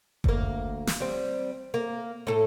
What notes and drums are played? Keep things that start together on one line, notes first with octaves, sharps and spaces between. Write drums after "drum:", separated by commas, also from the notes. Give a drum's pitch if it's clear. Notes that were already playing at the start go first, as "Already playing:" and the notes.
D2 A#3, drum: kick F#1
drum: snare
G3 C4
A#3
A2 A4